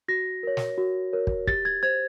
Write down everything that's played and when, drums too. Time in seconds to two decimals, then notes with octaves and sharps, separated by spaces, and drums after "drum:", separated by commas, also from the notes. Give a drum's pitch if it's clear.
0.08 F#4 A#6
0.43 A#4 C#5
0.57 drum: snare
0.78 F#4
1.13 A#4 C#5
1.27 drum: kick
1.47 G4 A6, drum: kick
1.65 G#6
1.83 C5 G#6